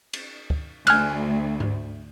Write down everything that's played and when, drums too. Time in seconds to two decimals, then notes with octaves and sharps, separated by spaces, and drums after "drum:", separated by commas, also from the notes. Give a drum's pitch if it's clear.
0.13 drum: cymbal
0.50 drum: kick
0.87 D2 G#5 F6 F#6, drum: cymbal
1.60 drum: tom G#2